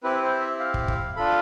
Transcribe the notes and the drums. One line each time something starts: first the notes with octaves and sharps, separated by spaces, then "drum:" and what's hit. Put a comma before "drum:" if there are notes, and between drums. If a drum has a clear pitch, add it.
C4 E4 G4 B4
C5
E5
F5
drum: kick
drum: kick
D4 F4 A4 B5